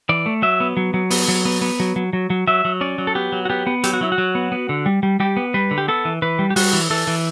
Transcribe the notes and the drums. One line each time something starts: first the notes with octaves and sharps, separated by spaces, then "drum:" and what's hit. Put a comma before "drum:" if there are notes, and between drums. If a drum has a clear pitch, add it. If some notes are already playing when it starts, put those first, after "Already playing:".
E3 D5
A3
F#3 E5
B3
F#3
F#3
B3, drum: open hi-hat
F#3
B3
B3
F#3
F#3
F#3
F#3
F#3 E5
F#3
C#4 D5
F#3
A4
B3 G4
F#3
F#4
B3 G4
B3
F#3 G4, drum: hi-hat
F#4
F#3 E4
F#4
F#3
B3
B3
D3
G3
G3
G3 G4
B3
G3 B4
D3
G4
B3 A4
E3
E3 B4
G3
G4
G3 F#4, drum: open hi-hat
E3
E3 A4
E3